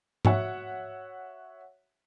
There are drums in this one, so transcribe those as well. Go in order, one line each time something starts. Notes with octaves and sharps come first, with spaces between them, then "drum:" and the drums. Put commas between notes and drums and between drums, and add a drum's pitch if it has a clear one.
F#4 C#5 E5 F#5, drum: tom G#2